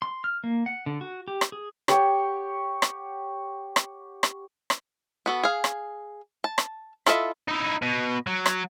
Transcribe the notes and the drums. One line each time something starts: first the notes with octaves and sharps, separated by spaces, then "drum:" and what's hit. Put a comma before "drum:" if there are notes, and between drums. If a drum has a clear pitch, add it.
C6
F6
A#3
F#5
D3
F#4
G4
drum: rim click
G#4
G4 C#5 F#5 G5, drum: rim click
drum: rim click
drum: rim click
drum: rim click
drum: rim click
B3 F#4 A4
G#4 F5
drum: rim click
A5
drum: rim click
E4 F4 A4 D#5 E5, drum: rim click
D#4 E4
B2
F#3
drum: rim click